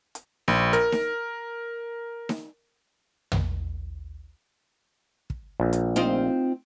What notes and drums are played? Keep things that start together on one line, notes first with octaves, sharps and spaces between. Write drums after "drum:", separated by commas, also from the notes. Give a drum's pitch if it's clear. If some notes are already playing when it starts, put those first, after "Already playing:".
drum: hi-hat
A#1, drum: snare D#4
A#4, drum: hi-hat
drum: snare D#4
drum: snare D#4
drum: tom
drum: kick
A#1
drum: hi-hat
C4 D#4 F4, drum: hi-hat